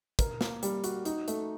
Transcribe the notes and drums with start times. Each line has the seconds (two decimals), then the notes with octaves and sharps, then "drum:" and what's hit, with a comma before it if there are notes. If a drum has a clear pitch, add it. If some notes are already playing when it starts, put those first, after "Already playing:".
0.19 A#4, drum: kick, hi-hat
0.41 A#3, drum: snare
0.63 G3, drum: hi-hat
0.84 F#4, drum: hi-hat
1.05 D#4, drum: hi-hat
1.28 A3, drum: hi-hat